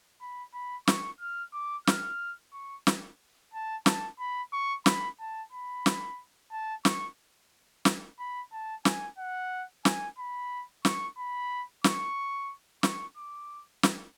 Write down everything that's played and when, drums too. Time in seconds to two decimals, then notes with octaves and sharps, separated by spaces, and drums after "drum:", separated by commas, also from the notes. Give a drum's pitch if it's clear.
0.21 B5
0.54 B5
0.87 C#6, drum: snare
1.20 F6
1.53 D6
1.87 F6, drum: snare
2.53 C#6
2.87 drum: snare
3.53 A5
3.86 A5, drum: snare
4.19 B5
4.53 C#6
4.86 B5, drum: snare
5.20 A5
5.52 B5
5.86 drum: snare
6.52 A5
6.85 C#6, drum: snare
7.85 drum: snare
8.19 B5
8.52 A5
8.85 G#5, drum: snare
9.18 F#5
9.85 G#5, drum: snare
10.18 B5
10.85 C#6, drum: snare
11.18 B5
11.84 C#6, drum: snare
12.83 C#6, drum: snare
13.17 D6
13.83 drum: snare